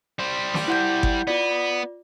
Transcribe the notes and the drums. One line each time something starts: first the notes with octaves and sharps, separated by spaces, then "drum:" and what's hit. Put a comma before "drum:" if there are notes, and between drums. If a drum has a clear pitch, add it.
G3 C5
drum: snare
E4 F#5 G6
drum: kick G1
B3 F4 D5